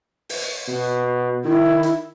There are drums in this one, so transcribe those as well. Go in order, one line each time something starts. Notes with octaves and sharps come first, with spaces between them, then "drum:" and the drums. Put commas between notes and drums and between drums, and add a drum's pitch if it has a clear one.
drum: open hi-hat
B2
D#3 E4
drum: hi-hat